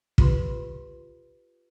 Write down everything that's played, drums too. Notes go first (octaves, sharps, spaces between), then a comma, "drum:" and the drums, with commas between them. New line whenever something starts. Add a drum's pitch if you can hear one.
F4 G4 B4 C6, drum: kick